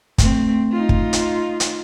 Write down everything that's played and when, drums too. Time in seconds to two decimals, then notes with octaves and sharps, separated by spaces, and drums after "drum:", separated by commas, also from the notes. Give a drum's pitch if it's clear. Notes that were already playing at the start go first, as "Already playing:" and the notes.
0.18 A3 C4, drum: kick, hi-hat
0.71 D#4 F4
0.89 drum: kick
1.13 drum: hi-hat
1.60 drum: hi-hat